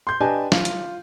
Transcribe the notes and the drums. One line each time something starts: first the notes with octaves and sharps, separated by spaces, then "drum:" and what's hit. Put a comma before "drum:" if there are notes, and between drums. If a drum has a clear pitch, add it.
C6 G6
D4 G4 B4 D#5 G#5 A5
F4, drum: snare
drum: hi-hat